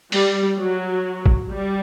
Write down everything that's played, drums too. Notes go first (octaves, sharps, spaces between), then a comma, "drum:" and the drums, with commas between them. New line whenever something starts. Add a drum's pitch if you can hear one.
G3, drum: open hi-hat
F#3
drum: kick A1
G3